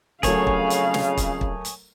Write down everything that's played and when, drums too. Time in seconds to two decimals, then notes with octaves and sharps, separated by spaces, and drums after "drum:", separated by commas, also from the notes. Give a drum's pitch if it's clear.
0.23 F2 C#3 F#3 A3 G#4 A#4 C#5 F5, drum: kick, hi-hat
0.47 drum: kick
0.70 drum: hi-hat
0.94 drum: snare
1.17 drum: kick, hi-hat
1.41 drum: kick
1.65 drum: hi-hat